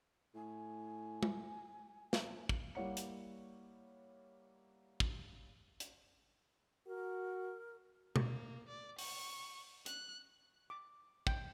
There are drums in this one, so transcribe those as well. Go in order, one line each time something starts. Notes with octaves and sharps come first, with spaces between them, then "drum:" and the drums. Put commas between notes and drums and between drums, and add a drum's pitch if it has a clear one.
A2 G#5
drum: tom
drum: snare
drum: kick
G3 A#3 E4 C#5 F#5 C#7
drum: hi-hat
drum: kick
drum: hi-hat
F#4 A#4
A#3, drum: tom B2
D5
C#6, drum: open hi-hat
F#6, drum: hi-hat
D6
G5, drum: kick